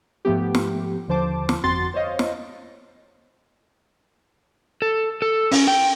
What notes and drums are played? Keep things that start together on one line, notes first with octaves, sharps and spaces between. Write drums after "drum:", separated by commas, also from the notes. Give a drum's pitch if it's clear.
G#2 F3 A3 B3 G4
drum: snare
D#2 D3 F3 C5 A5 D6
drum: snare
G1 F2 C4 F#4 C6 A6
C5 C#5 D#5 F5
drum: snare
A4
A4
C#4, drum: open hi-hat
G5